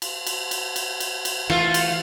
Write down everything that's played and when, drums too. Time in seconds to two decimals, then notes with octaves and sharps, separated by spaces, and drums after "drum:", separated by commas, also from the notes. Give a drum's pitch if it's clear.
0.02 drum: cymbal
0.27 drum: cymbal
0.51 drum: cymbal
0.76 drum: cymbal
1.00 drum: cymbal
1.25 drum: cymbal
1.50 E3 A3 F4, drum: rim click
1.74 drum: cymbal